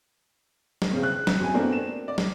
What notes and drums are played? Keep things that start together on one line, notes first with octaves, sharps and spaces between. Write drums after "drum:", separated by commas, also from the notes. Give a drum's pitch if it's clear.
drum: snare
C#3 C4
F#6
drum: snare
F#2 C4 G#5
A3 B3 C4 D4 A#4
E7
D5
drum: snare